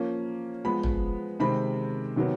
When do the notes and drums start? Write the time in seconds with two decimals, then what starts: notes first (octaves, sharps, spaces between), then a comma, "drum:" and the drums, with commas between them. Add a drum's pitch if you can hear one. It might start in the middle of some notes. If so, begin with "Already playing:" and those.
Already playing: F3 A#3 C#4
0.65 F3 G#3 B3 B5
0.83 drum: tom
1.40 C3 D#3 G#3 C4 B5
2.16 C3 D#3 F#3 B3